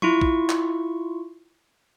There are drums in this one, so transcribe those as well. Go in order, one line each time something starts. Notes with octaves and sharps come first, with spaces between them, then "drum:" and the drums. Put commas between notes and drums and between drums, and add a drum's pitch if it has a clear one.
E4 F4 C#6, drum: tom F3
drum: kick
drum: clap